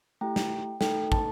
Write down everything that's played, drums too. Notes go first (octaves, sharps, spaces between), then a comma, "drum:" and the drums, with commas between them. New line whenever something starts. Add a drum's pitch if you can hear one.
A3 E4 G4 G5
drum: snare
A3 D#4 A4 G5, drum: snare
A5, drum: kick